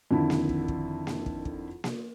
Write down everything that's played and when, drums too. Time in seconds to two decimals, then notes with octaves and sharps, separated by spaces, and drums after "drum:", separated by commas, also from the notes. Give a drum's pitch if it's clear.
0.11 F2 D3 D#3 E4
0.30 drum: snare A#3
0.49 drum: kick
0.68 drum: kick
1.07 drum: snare A#3
1.26 drum: kick
1.45 drum: kick
1.84 drum: snare A#3